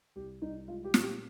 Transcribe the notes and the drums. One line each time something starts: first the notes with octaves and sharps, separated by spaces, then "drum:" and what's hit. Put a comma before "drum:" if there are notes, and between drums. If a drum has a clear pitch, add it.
C2 G4
C2 D#4
G#3 F4
G4
A#2, drum: snare
G4